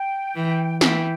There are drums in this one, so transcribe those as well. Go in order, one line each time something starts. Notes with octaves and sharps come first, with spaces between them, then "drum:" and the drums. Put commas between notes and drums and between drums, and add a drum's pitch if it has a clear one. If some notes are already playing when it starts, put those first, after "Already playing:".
Already playing: G5
E3
E3 G5, drum: snare